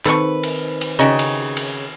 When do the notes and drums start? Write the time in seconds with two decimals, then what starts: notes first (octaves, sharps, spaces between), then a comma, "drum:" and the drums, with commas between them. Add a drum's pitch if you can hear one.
0.06 D#3 C4 A4 B4 C#6, drum: clap
0.43 drum: cymbal
0.81 drum: cymbal
0.99 C#3 D#4 F#4 G4
1.19 drum: cymbal
1.57 drum: cymbal